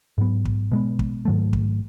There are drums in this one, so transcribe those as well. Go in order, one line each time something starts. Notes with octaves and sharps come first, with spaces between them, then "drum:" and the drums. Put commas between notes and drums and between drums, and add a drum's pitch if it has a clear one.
G#2 F#3 B3
drum: kick
B2 G#3 B3
drum: kick
G#2 D#3 F#3 A3
drum: kick